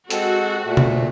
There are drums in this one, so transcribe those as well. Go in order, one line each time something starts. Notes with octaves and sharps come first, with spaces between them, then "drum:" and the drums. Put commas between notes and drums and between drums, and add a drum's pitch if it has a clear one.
G#3 C4 F#4 A4, drum: hi-hat
A#2 A3
drum: tom